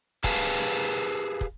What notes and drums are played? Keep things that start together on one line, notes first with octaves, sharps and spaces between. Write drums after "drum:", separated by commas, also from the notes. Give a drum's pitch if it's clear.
G4 G#4 B4 F5 G#5 A5, drum: kick, hi-hat
drum: hi-hat
drum: kick, hi-hat